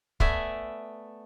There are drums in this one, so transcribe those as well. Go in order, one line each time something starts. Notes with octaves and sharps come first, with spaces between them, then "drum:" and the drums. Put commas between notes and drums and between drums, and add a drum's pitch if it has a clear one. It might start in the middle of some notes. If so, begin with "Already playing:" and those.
A3 B3 D5 E5 G#5, drum: kick